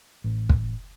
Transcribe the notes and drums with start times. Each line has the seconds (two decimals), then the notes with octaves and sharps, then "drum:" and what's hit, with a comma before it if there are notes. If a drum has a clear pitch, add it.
0.24 A1
0.49 drum: kick